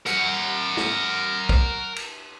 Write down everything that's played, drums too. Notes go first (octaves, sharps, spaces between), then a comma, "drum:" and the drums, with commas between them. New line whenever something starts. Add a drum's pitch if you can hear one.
A#4 F#5, drum: hi-hat
drum: snare
drum: kick
drum: cymbal